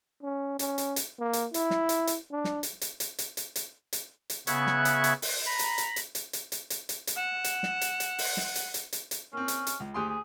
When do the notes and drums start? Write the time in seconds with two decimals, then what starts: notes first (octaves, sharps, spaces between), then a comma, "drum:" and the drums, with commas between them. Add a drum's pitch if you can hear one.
0.23 C#4
0.59 C#4, drum: hi-hat
0.78 drum: hi-hat
0.96 drum: hi-hat
1.19 A#3
1.33 drum: hi-hat
1.54 E4, drum: hi-hat
1.70 drum: snare
1.89 drum: hi-hat
2.07 drum: hi-hat
2.32 D4
2.44 drum: snare
2.63 drum: hi-hat
2.81 drum: hi-hat
3.00 drum: hi-hat
3.19 drum: hi-hat
3.37 drum: hi-hat
3.56 drum: hi-hat
3.93 drum: hi-hat
4.30 drum: hi-hat
4.47 C#3 B3 E5 C#6 F#6 G#6, drum: hi-hat
4.67 drum: snare
4.85 drum: hi-hat
5.04 drum: hi-hat
5.22 drum: open hi-hat
5.46 A#5 B5
5.59 drum: hi-hat
5.78 drum: hi-hat
5.96 drum: hi-hat
6.15 drum: hi-hat
6.33 drum: hi-hat
6.52 drum: hi-hat
6.70 drum: hi-hat
6.89 drum: hi-hat
7.07 drum: hi-hat
7.17 F#5 E7
7.44 drum: hi-hat
7.63 drum: snare
7.81 drum: hi-hat
8.00 drum: hi-hat
8.18 drum: open hi-hat
8.37 drum: snare
8.55 drum: hi-hat
8.74 drum: hi-hat
8.93 drum: hi-hat
9.11 drum: hi-hat
9.33 A#3 C4 C#4
9.48 drum: hi-hat
9.67 drum: hi-hat
9.80 C#2
9.94 D2 G4 G#4 C6
10.08 G#4